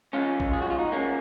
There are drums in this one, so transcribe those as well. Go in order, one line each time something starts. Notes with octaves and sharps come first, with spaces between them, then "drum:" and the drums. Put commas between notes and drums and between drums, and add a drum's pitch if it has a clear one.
C#2 C#3 F3 G#3 C#4 F4
drum: kick A1
G#4
F#4
F4
D#4 F#4
C#3 F3 G#3 A#3 C#4